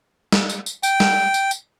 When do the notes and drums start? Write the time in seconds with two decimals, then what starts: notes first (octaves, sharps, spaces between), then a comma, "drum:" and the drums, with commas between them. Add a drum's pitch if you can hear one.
0.32 drum: snare
0.49 drum: tambourine
0.66 drum: tambourine
0.83 G5, drum: tambourine
1.00 drum: snare
1.34 drum: tambourine
1.51 drum: tambourine